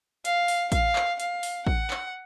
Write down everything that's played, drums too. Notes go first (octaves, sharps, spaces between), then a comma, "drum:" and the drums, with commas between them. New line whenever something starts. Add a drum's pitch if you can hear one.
F5, drum: hi-hat
drum: open hi-hat
F5, drum: kick A1, hi-hat
drum: clap
F5, drum: hi-hat
drum: open hi-hat
F#5, drum: kick A1
drum: clap